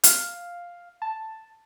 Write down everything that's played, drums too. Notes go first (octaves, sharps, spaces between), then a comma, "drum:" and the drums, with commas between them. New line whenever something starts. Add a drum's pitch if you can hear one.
F5, drum: hi-hat
A5